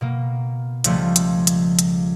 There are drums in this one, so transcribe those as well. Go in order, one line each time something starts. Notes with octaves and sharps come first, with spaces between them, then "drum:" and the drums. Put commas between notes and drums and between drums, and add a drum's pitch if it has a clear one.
B2 A#3
C#2 F3 G3 A3, drum: hi-hat
drum: hi-hat
drum: hi-hat
drum: hi-hat